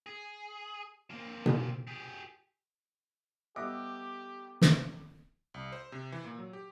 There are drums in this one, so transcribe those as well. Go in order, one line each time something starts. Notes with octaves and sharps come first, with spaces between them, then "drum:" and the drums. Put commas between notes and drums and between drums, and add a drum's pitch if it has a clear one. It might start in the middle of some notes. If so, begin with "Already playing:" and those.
G#4
A#3 C4
drum: tom B2
G4 G#4
G3 B3 G4 A4 D#5 E5 F#5 D6
drum: snare
C2
C5
C3
E3
A#2
F#3
G4